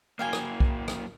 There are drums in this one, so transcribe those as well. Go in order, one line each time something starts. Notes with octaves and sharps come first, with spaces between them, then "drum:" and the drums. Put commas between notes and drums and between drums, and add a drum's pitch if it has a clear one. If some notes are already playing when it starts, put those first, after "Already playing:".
F#2 F#3 A#3 F5 G5 G#5
drum: rim click
drum: kick B1
drum: rim click